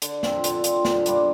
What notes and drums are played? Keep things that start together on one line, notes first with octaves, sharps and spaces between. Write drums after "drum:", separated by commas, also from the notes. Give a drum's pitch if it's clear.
D3, drum: hi-hat
F3 C4, drum: snare
D3, drum: hi-hat
F3 C4, drum: hi-hat
D3, drum: snare
G3 A#3 D4, drum: hi-hat